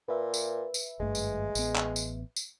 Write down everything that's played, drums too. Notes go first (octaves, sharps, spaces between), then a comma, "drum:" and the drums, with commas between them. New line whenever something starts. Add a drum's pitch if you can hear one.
A#2 B4 E5
drum: tambourine
drum: tambourine
G#1 G2 G#3 A3
drum: tambourine
A1 B3, drum: tambourine
drum: clap
drum: tambourine
drum: tambourine